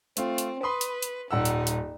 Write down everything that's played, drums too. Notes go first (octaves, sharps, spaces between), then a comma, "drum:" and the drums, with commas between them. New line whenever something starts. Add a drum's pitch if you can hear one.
A3 C4 F4, drum: hi-hat
drum: hi-hat
B4 B5 C6 D#6
drum: hi-hat
drum: hi-hat
D#1 G3 D#4 F#5 E6
drum: hi-hat
drum: hi-hat